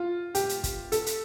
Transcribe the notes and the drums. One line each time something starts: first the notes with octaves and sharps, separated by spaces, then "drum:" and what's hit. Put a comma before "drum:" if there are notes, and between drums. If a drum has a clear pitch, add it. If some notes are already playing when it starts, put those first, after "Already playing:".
Already playing: F4
G4, drum: hi-hat
drum: hi-hat
drum: kick, hi-hat
A4, drum: hi-hat
drum: hi-hat